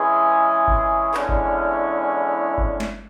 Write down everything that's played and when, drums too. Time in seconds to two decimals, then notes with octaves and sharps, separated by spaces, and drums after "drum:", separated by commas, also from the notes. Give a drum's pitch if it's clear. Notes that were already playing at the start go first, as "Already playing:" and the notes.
Already playing: E3 G#3 C#4 E4 G#4
0.68 drum: kick G1
1.14 E2 D3 G#3 C#4 E4, drum: clap
1.29 drum: kick G1
2.58 drum: kick G1
2.80 drum: snare